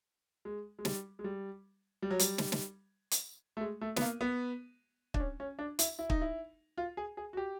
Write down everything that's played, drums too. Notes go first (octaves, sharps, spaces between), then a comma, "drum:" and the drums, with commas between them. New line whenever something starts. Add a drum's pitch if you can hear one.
G#3
G#3
G3, drum: snare
G#3
G3
G3
F#3
G3, drum: hi-hat
drum: snare
drum: snare
drum: hi-hat
A3
G#3
A3
B3, drum: snare
A#3
B3
D4, drum: kick
C#4
C#4
D4
E4, drum: hi-hat
E4
D#4, drum: kick
E4
F4
G#4
G#4
F#4
G4